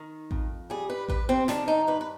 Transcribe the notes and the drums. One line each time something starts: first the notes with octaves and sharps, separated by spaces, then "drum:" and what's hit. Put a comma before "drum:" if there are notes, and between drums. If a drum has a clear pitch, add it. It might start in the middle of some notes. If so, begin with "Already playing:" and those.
Already playing: D#3
F2, drum: kick A1
G3 G#4
B4
G2 B4, drum: kick A1
C4
D#3 D4, drum: snare
D#4
G2 B4
B4